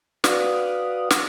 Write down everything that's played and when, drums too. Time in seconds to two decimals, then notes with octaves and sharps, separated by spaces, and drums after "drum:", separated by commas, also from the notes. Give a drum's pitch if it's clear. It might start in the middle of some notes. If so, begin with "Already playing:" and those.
0.24 F#4 B4 D5 F5 F#5 D#6, drum: snare
1.10 drum: snare